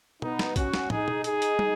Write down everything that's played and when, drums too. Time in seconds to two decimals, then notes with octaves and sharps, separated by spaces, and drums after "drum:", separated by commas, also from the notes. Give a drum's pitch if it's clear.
0.22 B3 D#4, drum: tom
0.39 drum: snare
0.56 C#4 F#4, drum: kick A#1, hi-hat
0.74 drum: snare
0.90 D#4 G#4, drum: tom
1.08 drum: tom
1.24 D#4 G#4, drum: hi-hat
1.42 drum: hi-hat
1.59 drum: tom